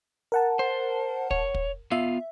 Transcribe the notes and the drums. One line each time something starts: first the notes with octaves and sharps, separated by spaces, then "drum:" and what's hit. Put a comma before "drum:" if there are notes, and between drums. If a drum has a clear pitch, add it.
A#4 F#5 A5
C5
C#5, drum: kick
drum: kick
B3 F4 E5 F5